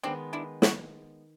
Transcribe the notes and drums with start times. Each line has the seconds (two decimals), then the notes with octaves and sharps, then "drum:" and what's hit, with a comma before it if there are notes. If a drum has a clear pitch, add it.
0.03 D#3 G#3 B3 C4 D4
0.33 D4 E4
0.62 E4 F#4, drum: snare